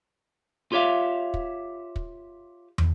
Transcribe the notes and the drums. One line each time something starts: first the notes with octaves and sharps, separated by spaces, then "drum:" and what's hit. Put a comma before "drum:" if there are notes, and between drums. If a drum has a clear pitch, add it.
F4 G4 C#5 E5 F5
drum: kick
drum: kick
drum: tom